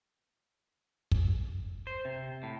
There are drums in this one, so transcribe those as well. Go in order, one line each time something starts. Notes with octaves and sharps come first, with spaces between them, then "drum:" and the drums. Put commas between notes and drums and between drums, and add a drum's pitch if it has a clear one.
drum: kick
C5
C3
A2